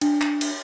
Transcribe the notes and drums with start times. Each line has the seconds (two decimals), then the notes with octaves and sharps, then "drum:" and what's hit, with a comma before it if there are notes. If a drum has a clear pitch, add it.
0.01 D4, drum: cymbal
0.21 drum: clap
0.41 drum: cymbal